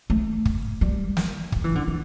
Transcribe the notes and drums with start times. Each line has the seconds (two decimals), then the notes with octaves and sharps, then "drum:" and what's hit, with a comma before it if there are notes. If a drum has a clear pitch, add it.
0.10 A3
0.45 drum: kick
0.81 G3
1.17 drum: snare
1.52 G3, drum: kick
1.64 E3
1.75 D3
1.88 E3